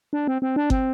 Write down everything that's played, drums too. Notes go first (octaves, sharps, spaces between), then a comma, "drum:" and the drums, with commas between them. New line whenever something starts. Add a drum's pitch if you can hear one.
D4
C4
C4
D4
C4, drum: kick G1